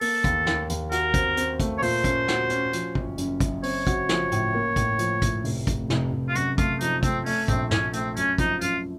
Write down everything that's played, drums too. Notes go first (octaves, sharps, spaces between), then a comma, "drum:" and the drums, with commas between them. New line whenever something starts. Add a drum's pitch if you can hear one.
A#3 A4, drum: open hi-hat
D#2, drum: kick, hi-hat
D#2, drum: snare
D#2, drum: hi-hat
F#4 A#4, drum: hi-hat
C4, drum: kick, hi-hat
C4, drum: hi-hat
A3, drum: kick, hi-hat
C#5
A#2 C5, drum: open hi-hat
C#4, drum: kick, hi-hat
F#4, drum: snare
C#4, drum: hi-hat
F3, drum: hi-hat
F#1, drum: kick
F#2, drum: hi-hat
F#1, drum: kick, hi-hat
C4 C#5, drum: open hi-hat
F#4, drum: kick, hi-hat
F3, drum: snare
A2, drum: hi-hat
A#3
A2, drum: kick, hi-hat
F3, drum: hi-hat
A2, drum: kick, hi-hat
F1, drum: open hi-hat
F1, drum: kick, hi-hat
F1, drum: snare
F1
F4
F#2 F#4, drum: hi-hat
A3 F4, drum: kick, hi-hat
F3 D#4, drum: hi-hat
A3 C4, drum: kick, hi-hat
A3 C#4, drum: open hi-hat
A#1 C4, drum: kick, hi-hat
A#1 C#4, drum: snare
A3 C4, drum: hi-hat
F#2 C#4, drum: hi-hat
F3 D#4, drum: kick, hi-hat
F#2 F4, drum: hi-hat